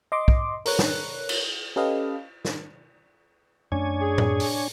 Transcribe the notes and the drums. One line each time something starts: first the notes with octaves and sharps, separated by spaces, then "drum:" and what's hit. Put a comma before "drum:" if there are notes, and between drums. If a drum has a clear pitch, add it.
D#5 C6 D6
drum: kick
A#4 B4 C#5 F#6, drum: open hi-hat
drum: snare
drum: cymbal
C#4 G4 A4 B4 D#5 F5
drum: snare
F#2 A3 C#4 D4 C#5 G#5
G#4
drum: tom A2
drum: open hi-hat